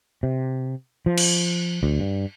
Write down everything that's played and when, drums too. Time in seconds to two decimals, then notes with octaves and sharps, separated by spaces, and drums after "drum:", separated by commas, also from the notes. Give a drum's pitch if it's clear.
0.23 C3
1.06 F3
1.18 drum: cymbal
1.83 D2
2.00 G2